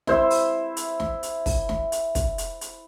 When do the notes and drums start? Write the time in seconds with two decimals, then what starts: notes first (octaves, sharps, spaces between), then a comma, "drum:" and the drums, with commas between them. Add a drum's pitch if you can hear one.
0.07 E4 C5 E5, drum: snare
0.30 drum: open hi-hat
0.77 drum: hi-hat
1.00 drum: snare
1.23 drum: hi-hat
1.46 drum: kick, open hi-hat
1.69 drum: snare
1.92 drum: hi-hat
2.15 drum: kick, hi-hat
2.38 drum: hi-hat
2.61 drum: hi-hat